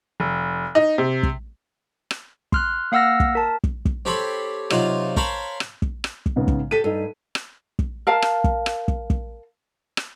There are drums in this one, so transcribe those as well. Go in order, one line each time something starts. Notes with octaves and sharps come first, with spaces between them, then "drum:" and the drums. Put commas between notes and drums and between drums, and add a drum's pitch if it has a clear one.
F1
D#4
C3
drum: kick
drum: rim click
C6 F6 F#6, drum: kick
A#3 F5 F#5 E6 F6 A#6
drum: kick
A#4 A5
drum: kick
drum: kick
C4 G4 A4 C#5 B5 C6
C3 F#3 D#4 F4, drum: rim click
A#4 C5 C#5 F5 A5 B5, drum: kick
drum: rim click
drum: kick
drum: rim click
drum: kick
G#2 C#3 B3
drum: kick
G4 A4 B6 D#7
G2 D#4 A4
drum: rim click
drum: kick
A#4 F5 A5
drum: rim click
drum: kick
drum: rim click
drum: kick
drum: kick
drum: rim click